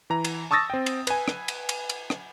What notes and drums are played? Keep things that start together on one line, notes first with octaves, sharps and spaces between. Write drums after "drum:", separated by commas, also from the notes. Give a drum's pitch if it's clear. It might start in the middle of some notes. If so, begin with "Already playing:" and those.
E3 A#5
drum: cymbal
A5 C#6 D#6 E6 A6 A#6
C4 G5
drum: cymbal
B4 G#5, drum: cymbal
drum: rim click
drum: cymbal
drum: cymbal
drum: cymbal
drum: rim click